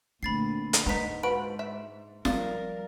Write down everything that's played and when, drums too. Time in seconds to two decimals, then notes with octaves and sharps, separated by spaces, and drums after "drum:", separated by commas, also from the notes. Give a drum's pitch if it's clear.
0.23 A#2 D3 A3 C4 B5 A6 C7
0.73 drum: hi-hat
0.86 G#2 G#3 B3 D#4 A#5 B6
1.23 F3 F#4 B4 D7
1.59 E5
2.25 F3 G3 A#4 D5 F5 A6, drum: snare